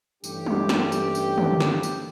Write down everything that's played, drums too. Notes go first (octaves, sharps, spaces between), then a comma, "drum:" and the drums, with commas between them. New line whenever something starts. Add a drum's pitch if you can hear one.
G2 E3 A3 C#4 G4, drum: tambourine
drum: tom F#3
drum: snare
drum: tambourine
drum: tambourine
drum: tom
drum: snare
drum: tambourine